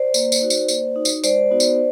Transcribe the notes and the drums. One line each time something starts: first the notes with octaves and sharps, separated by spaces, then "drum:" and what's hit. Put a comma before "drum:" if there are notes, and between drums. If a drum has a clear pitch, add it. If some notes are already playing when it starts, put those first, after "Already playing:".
Already playing: C5 D5
A#3, drum: tambourine
drum: tambourine
D#4 F#4
drum: tambourine
A#3, drum: tambourine
D#4 F#4
drum: tambourine
G#3 C5 D5, drum: tambourine
B3 D#4 F#4
drum: tambourine